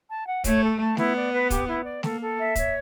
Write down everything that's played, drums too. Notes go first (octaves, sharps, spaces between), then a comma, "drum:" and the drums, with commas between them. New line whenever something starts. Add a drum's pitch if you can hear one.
A5
F#5
A3 C#5, drum: kick, hi-hat
A4
A5
B3 E4, drum: snare A3
D5
B4
G4, drum: kick, hi-hat
E4
D5
A#3 A4, drum: snare A3
A4
E5
C#5, drum: kick, hi-hat